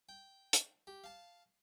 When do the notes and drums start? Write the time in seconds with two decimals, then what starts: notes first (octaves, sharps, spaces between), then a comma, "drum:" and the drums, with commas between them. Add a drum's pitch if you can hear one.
0.09 G5
0.53 drum: hi-hat
0.87 G4
1.04 F5 A5